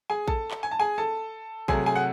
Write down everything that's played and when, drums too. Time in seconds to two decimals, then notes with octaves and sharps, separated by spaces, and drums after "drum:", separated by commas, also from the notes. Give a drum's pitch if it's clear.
0.10 G#4 G#5
0.28 A4 A5, drum: kick
0.51 drum: clap
0.63 G#5
0.71 A5
0.79 G#4 G#5
0.98 A4 A5
1.68 C3 F#3 A3 G#4 G#5, drum: kick
1.86 G#4 G#5
1.96 F#5